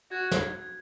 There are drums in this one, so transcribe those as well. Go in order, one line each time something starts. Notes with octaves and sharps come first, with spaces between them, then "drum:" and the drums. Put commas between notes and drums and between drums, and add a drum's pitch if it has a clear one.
F#4 G#6
G#6, drum: snare
G#6